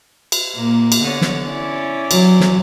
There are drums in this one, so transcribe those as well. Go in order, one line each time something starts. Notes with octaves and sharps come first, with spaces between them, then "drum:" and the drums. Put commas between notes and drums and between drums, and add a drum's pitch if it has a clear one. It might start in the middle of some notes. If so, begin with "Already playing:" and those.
drum: cymbal
A#2 A#3
drum: cymbal
D3 B3 C#5
drum: snare
C#4 E4 D5
F#3, drum: cymbal
drum: snare